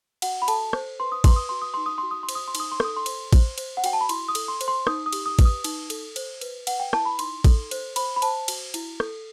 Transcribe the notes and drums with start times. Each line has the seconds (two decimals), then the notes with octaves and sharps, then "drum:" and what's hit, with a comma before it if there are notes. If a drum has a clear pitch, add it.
0.22 F#4 F#5, drum: cymbal
0.42 B5
0.48 A4 A5, drum: cymbal
0.73 C5, drum: rim click
1.00 B4 C6
1.12 D#6
1.24 B4 C6, drum: kick A1, cymbal
1.36 D#6
1.49 F#4 C6
1.62 D#6
1.74 D#4 C6
1.86 D#6
1.98 F#4 C6
2.11 D#6
2.23 C6
2.29 C5, drum: cymbal
2.35 D#6
2.48 C6
2.55 D#4, drum: cymbal
2.60 D#6
2.72 C6
2.80 A4 D#6, drum: rim click
2.97 C6
3.06 C5, drum: cymbal
3.33 C5, drum: kick A1, cymbal
3.58 C5, drum: cymbal
3.77 F#5
3.84 F#4 G5, drum: cymbal
3.93 A5
4.01 B5
4.09 E4 C6, drum: cymbal
4.28 D#6
4.35 A4, drum: cymbal
4.48 C6
4.61 C5, drum: cymbal
4.68 C6
4.87 D#4 D#6, drum: rim click
5.06 D#6
5.13 G4, drum: cymbal
5.26 D#6
5.39 B4, drum: kick A1, cymbal
5.45 D#6
5.64 D#4, drum: cymbal
5.90 A4, drum: cymbal
6.16 C5, drum: cymbal
6.41 B4, drum: cymbal
6.67 B4 F#5, drum: cymbal
6.80 G5
6.93 E4 A5, drum: rim click
7.05 B5
7.19 D#4 C6, drum: cymbal
7.44 A4, drum: kick A1, cymbal
7.71 C5, drum: cymbal
7.96 C5 B5, drum: cymbal
8.16 B5
8.22 C5 A5, drum: cymbal
8.48 F#4, drum: cymbal
8.74 E4, drum: cymbal
9.00 A4, drum: rim click